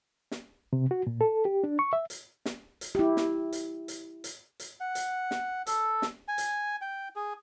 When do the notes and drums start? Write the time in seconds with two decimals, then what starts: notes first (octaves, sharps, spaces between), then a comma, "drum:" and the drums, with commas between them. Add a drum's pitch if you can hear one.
0.31 drum: snare
0.73 C3
0.91 F#4
1.07 A#2
1.21 A4
1.45 G4
1.64 D4
1.79 C#6
1.93 E5
2.10 drum: hi-hat
2.45 drum: snare
2.81 drum: hi-hat
2.95 E4 G4
3.17 drum: snare
3.53 drum: hi-hat
3.88 drum: hi-hat
4.24 drum: hi-hat
4.60 drum: hi-hat
4.80 F#5
4.95 drum: hi-hat
5.31 drum: snare
5.67 A4, drum: hi-hat
6.02 drum: snare
6.28 G#5
6.38 drum: hi-hat
6.81 G5
7.16 G#4